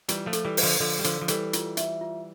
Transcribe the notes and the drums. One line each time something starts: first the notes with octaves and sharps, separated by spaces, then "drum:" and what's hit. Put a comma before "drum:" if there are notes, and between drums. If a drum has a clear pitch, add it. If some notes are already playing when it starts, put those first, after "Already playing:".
E3 G3 F4, drum: hi-hat
F3 A3
A4, drum: hi-hat
E3 G3
C5, drum: open hi-hat
D3 F3
D3 F3 A4
G3
D3 F3 C5, drum: hi-hat
F3
E3 G3 A4, drum: hi-hat
F4, drum: hi-hat
E5, drum: hi-hat
F4